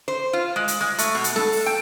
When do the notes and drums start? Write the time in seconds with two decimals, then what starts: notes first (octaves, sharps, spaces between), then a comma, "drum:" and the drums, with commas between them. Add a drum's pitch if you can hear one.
0.08 C5
0.33 F4
0.56 G#3
0.68 drum: hi-hat
0.81 G#3
0.98 A3, drum: hi-hat
1.15 B2
1.24 drum: hi-hat
1.36 A4, drum: snare
1.52 drum: open hi-hat
1.66 G5